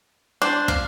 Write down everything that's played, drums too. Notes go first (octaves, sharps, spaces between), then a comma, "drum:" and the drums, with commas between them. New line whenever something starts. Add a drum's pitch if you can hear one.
D4 C5
F5, drum: kick